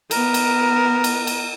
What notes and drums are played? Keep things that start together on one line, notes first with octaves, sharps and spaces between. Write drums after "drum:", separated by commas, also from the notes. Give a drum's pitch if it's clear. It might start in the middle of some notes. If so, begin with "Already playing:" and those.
B3 A#4, drum: cymbal
drum: cymbal
drum: cymbal
drum: cymbal